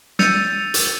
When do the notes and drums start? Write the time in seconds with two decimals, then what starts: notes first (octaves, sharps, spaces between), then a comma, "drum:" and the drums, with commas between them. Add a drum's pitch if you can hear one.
0.19 E6 G6 A6 C#7 D#7 F7, drum: snare
0.74 drum: hi-hat